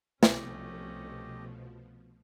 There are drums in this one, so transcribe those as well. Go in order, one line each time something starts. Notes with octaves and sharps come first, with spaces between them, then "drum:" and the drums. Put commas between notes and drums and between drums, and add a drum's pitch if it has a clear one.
C2 B2 F3 A3 C#4 G4 D#5, drum: snare